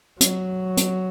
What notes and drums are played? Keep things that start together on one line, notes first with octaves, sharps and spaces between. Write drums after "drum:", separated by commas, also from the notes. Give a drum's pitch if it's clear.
F#3, drum: hi-hat
drum: hi-hat